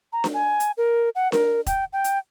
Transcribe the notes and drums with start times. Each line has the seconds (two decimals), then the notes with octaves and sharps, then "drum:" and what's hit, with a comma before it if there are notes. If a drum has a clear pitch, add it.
0.13 A#5
0.24 drum: snare D4
0.34 G#5
0.60 drum: hi-hat
0.77 A#4
1.15 F#5
1.32 A#4, drum: snare D4
1.66 G5, drum: kick E1, hi-hat
1.93 G5
2.04 drum: hi-hat